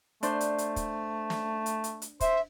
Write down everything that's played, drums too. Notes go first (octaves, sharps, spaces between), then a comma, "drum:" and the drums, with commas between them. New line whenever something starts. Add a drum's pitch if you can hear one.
A3 D4 C5 C6, drum: hi-hat
drum: hi-hat
drum: hi-hat
drum: kick, hi-hat
drum: snare
drum: hi-hat
drum: hi-hat
drum: hi-hat
C5 E5, drum: kick, hi-hat